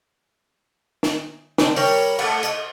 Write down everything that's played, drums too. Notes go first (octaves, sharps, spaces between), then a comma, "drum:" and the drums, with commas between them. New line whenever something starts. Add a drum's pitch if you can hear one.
drum: snare
C4 D4, drum: snare
G3 A#4 C#5, drum: open hi-hat
A3 D5 F#5, drum: cymbal
D#5, drum: hi-hat